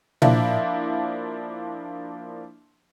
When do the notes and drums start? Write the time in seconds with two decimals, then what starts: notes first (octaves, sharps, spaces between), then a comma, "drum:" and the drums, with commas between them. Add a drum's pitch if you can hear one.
0.22 F3 A#3 D4 E4, drum: tom A#2